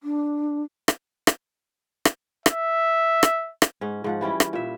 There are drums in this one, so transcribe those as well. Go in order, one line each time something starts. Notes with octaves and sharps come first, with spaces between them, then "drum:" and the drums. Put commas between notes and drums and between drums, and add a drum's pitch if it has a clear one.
D4
drum: rim click
drum: rim click
drum: rim click
E5, drum: rim click
drum: rim click
drum: rim click
G#2 C#4
G#2 F3 F#5
E3 G3 C#4 E4
drum: rim click
A#2 E5